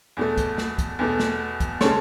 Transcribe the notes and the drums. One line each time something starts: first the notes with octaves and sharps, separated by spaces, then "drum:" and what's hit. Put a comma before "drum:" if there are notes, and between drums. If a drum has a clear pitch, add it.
E2 B2 A3
drum: kick, hi-hat
drum: snare
drum: kick, hi-hat
E2 B2 A3
drum: snare
drum: kick, hi-hat
C#3 G#3 A4 C#5, drum: snare